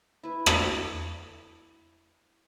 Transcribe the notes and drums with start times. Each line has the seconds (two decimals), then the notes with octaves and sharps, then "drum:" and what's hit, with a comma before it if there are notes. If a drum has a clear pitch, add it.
0.23 E4 B4
0.46 drum: rim click